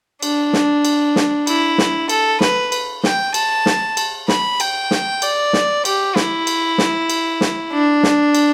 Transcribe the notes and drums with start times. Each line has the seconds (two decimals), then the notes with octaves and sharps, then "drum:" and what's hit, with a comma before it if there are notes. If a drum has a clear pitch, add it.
0.23 D4, drum: cymbal
0.53 drum: snare
0.85 drum: cymbal
1.16 drum: snare
1.47 E4, drum: cymbal
1.78 drum: snare
2.09 A4, drum: cymbal
2.41 B4, drum: snare
2.72 drum: cymbal
3.03 G5, drum: snare
3.34 A5, drum: cymbal
3.66 drum: snare
3.97 drum: cymbal
4.28 B5, drum: snare
4.60 G5, drum: cymbal
4.91 drum: snare
5.22 D5, drum: cymbal
5.53 drum: snare
5.85 G4, drum: cymbal
6.16 E4, drum: snare
6.47 drum: cymbal
6.78 drum: snare
7.10 drum: cymbal
7.41 drum: snare
7.72 D4
8.03 drum: snare
8.35 drum: cymbal